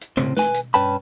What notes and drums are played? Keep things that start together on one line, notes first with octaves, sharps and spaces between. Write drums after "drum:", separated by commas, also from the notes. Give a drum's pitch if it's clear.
drum: hi-hat
A2 C#3 C4, drum: tom
B4 G#5, drum: snare
drum: hi-hat
G2 C#4 B4 G5 A5 B5, drum: hi-hat